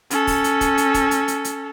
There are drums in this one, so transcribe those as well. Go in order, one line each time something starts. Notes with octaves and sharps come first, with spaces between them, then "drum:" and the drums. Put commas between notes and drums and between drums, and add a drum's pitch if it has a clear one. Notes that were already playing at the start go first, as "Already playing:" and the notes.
C#4 A4, drum: hi-hat
drum: kick, open hi-hat
drum: hi-hat
drum: kick, hi-hat
drum: hi-hat
drum: kick, hi-hat
drum: hi-hat
drum: hi-hat
drum: hi-hat